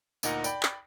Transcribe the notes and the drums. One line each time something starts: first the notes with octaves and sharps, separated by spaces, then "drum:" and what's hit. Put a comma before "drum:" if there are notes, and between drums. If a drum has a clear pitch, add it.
D2 A#2 D#4 A#4 F#5 A#6, drum: tambourine
D5 G5 B5, drum: tambourine
drum: clap